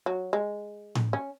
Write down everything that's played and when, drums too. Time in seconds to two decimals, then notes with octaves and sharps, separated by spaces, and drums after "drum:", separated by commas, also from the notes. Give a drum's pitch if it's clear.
0.06 F#3
0.33 G#3
0.95 drum: tom A2
1.13 C#4